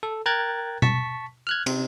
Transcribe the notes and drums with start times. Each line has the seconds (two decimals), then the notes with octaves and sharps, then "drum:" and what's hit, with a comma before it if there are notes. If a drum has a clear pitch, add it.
0.03 A4
0.26 A#4 G5 A#5 F#6 G#6 A6
0.82 A5 C#6 B6, drum: tom B2
1.47 F6 F#6 G#6
1.66 C3, drum: cymbal